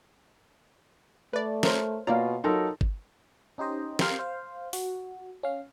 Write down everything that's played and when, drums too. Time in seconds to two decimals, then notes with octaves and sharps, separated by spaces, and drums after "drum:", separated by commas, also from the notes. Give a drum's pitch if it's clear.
1.33 A3 B4 D5
1.63 A#4 C5 C#5, drum: snare
2.07 B2 A#3 F4 C#5 D5 F5 A#5
2.44 F#3 D#4 F4 A4 A#4 C6
2.81 drum: kick G1
3.58 C#4 D#4 G4 C5 D#5
3.99 C4 G4 A#4 C5 F5 G5, drum: snare
4.19 C5 F5
4.73 F#4, drum: open hi-hat
5.43 C#4 F5